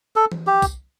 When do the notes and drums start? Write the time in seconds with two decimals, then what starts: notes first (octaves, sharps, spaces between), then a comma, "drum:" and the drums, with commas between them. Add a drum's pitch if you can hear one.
0.16 A4
0.32 drum: tom E3
0.47 G4
0.62 drum: kick, tambourine